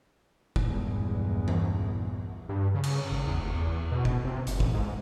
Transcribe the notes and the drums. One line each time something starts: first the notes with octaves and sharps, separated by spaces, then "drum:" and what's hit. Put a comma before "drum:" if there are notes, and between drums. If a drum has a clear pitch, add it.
drum: kick
A#1 E2 G2 G#3
drum: tom E3
G2
C#3
drum: cymbal
G#1
E2
F1
E2
B2
drum: kick
C3
F#1, drum: hi-hat
A1, drum: kick
G#2